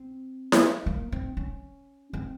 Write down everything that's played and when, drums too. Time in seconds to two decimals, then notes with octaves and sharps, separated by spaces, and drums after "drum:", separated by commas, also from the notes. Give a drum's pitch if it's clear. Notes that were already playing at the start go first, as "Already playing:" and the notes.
Already playing: C4
0.52 drum: snare E4
0.86 A#3
1.12 C4
1.37 C#4
2.13 C4